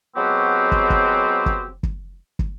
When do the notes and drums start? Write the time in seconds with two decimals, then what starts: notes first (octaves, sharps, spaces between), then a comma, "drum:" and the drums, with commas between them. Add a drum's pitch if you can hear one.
0.16 F#3 G#3 B3 C4 F#4 G4
0.72 drum: kick
0.90 drum: kick
1.46 drum: kick
1.83 drum: kick
2.39 drum: kick